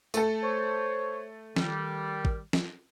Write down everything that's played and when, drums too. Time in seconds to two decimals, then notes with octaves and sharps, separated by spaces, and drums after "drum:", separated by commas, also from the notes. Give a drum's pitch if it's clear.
0.14 A3 A4, drum: tambourine
0.43 C5 C#5
1.56 D#3 G3, drum: snare
2.25 drum: kick
2.53 drum: snare